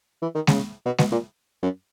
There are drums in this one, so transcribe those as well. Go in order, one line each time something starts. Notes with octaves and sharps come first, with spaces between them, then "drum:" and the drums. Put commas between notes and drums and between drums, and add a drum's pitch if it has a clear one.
E3
D#3
C#3, drum: snare G#3
B2
B2, drum: snare G#3
A#2
F#2